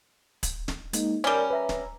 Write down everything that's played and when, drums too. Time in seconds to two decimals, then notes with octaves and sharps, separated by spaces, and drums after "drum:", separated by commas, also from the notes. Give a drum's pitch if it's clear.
0.43 drum: kick, hi-hat
0.68 drum: snare
0.93 G#3 A#3 D#4, drum: hi-hat
1.24 G3 C#4 A#4 D5
1.51 B4 E5 A#5
1.69 drum: snare